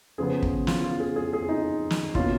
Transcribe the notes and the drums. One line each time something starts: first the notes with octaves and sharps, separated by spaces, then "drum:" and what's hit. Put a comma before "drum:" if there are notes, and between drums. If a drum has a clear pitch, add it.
C#3 F3 B3 G#4
drum: kick
F4, drum: snare
F4
G#4
G#4
G#4
D#4
drum: snare
B2 A#3 C#4 F4, drum: kick